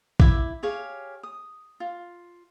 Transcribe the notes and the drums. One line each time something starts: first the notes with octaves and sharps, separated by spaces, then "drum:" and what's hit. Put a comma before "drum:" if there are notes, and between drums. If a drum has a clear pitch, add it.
E4 E5 D6, drum: kick A#1
G4 G#4 C#5 F5
D#6
F4